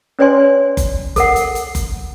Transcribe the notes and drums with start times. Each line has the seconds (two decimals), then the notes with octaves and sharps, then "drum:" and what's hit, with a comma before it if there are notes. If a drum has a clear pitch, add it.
0.19 C#4 B4 C#5 D5 G#5 C6
0.77 drum: kick F#1, hi-hat
1.16 A4 A#4 F#5, drum: kick F#1, hi-hat
1.36 drum: hi-hat
1.55 drum: hi-hat
1.75 drum: kick F#1, hi-hat